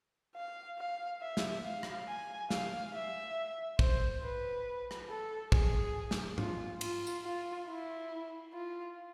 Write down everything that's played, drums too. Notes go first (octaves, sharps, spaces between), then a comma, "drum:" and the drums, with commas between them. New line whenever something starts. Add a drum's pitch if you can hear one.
F5
F5
E5
drum: snare
F5
drum: rim click
G#5
F5, drum: snare
E5
C5, drum: kick
B4
drum: rim click
A4
G#4, drum: kick
drum: snare
F4, drum: tom G#2
F4, drum: cymbal
drum: tambourine
F4
E4
F4